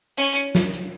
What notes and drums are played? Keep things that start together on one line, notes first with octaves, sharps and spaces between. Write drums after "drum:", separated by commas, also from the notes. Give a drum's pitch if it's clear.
C#4, drum: hi-hat
drum: hi-hat
drum: snare
drum: hi-hat